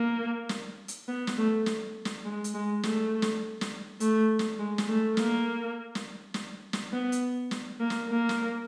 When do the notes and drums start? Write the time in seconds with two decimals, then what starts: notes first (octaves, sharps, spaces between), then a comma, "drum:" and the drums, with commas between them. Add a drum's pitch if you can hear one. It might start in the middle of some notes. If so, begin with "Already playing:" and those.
Already playing: A#3
0.49 drum: snare
0.88 drum: hi-hat
1.08 B3
1.27 drum: snare
1.37 A3
1.66 drum: snare
2.05 drum: snare
2.25 G#3
2.44 drum: hi-hat
2.54 G#3
2.83 A3, drum: snare
3.22 drum: snare
3.61 drum: snare
4.00 A3, drum: hi-hat
4.39 drum: snare
4.59 G#3
4.78 drum: snare
4.88 A3
5.17 A#3, drum: snare
5.95 drum: snare
6.34 drum: snare
6.73 drum: snare
6.92 B3
7.12 drum: hi-hat
7.51 drum: snare
7.80 A#3
7.90 drum: snare
8.09 A#3
8.29 drum: snare